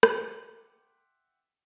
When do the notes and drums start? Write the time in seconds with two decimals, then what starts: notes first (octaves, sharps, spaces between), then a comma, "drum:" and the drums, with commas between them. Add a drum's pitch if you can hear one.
0.03 E5 F#5 G5 C6 D6 B6, drum: rim click